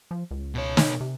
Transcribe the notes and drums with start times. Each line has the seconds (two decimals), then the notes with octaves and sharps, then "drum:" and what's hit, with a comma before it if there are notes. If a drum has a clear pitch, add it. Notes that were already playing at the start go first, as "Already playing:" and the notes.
0.11 F3
0.31 C#2
0.55 B2 C#5
0.77 drum: snare
1.00 C3